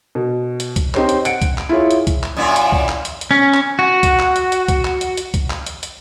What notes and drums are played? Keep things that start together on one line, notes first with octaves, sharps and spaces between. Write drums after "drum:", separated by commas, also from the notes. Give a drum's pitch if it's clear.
B2
drum: hi-hat
drum: kick C2, hi-hat
C4 D#4 G4 C5 C#5, drum: clap
drum: hi-hat
F#5 C#7 D7, drum: hi-hat
drum: kick C2, hi-hat
drum: clap
E4 F4 G#4 C#5
drum: hi-hat
drum: kick C2, hi-hat
drum: clap
F#2 A#2 E4
drum: hi-hat
drum: kick C2
drum: clap
drum: hi-hat
drum: hi-hat
C#4
drum: clap
F#4
drum: kick C2, hi-hat
drum: clap
drum: hi-hat
drum: hi-hat
drum: kick C2, hi-hat
drum: clap
drum: hi-hat
drum: hi-hat
drum: kick C2, hi-hat
drum: clap
drum: hi-hat
drum: hi-hat